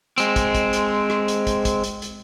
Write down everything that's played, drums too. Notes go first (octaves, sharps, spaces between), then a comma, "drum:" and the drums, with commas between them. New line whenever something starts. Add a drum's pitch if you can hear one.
G#3 C4, drum: hi-hat
drum: kick, hi-hat
drum: kick, hi-hat
drum: hi-hat
drum: rim click
drum: hi-hat
drum: kick, hi-hat
drum: kick, hi-hat
drum: hi-hat
drum: hi-hat